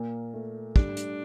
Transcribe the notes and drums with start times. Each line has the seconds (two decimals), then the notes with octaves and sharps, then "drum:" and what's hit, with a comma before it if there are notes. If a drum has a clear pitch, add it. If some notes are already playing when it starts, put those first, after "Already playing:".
Already playing: A#2 A#3
0.34 A3
0.76 G3 D4, drum: kick
0.97 drum: hi-hat